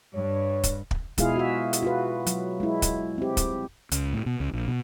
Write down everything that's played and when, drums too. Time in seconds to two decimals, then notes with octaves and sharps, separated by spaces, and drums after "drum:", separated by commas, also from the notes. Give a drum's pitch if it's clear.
0.15 G2 C#5
0.63 drum: kick, hi-hat
0.91 drum: kick
1.18 B2 G#3 E4 F4 G#4 F5, drum: kick, hi-hat
1.36 F#4 E5
1.73 drum: hi-hat
1.83 F4 F#4 B4
2.26 F#3, drum: hi-hat
2.60 G#3 E4
2.82 drum: kick, hi-hat
3.18 C4 G4
3.37 drum: kick, hi-hat
3.91 C#2, drum: hi-hat
4.13 A2
4.26 B2
4.40 C#2
4.53 A#1
4.68 B2